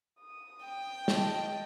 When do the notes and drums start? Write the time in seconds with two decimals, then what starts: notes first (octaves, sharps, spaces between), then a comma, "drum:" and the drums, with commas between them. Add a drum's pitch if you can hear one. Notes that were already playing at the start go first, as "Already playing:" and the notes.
0.21 D#6
0.63 G5
1.08 D#5 A5, drum: snare